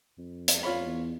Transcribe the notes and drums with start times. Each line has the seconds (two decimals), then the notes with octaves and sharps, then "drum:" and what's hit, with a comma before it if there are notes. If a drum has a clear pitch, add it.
0.18 F2
0.48 drum: hi-hat
0.63 F4 C#5 B5
0.86 E2